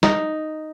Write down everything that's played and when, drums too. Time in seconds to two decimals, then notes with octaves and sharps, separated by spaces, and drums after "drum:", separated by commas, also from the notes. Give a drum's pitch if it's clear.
0.03 D#4, drum: snare